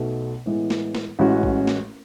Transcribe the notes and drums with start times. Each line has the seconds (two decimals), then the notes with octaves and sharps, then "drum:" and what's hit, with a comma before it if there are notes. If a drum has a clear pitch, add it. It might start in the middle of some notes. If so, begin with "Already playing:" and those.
Already playing: B1 B2 A3
0.46 A2 E3 G#3 B3
0.70 drum: snare
0.95 drum: snare
1.19 A1 A2 G#3 C#4 F#4
1.43 drum: kick A#1
1.67 drum: snare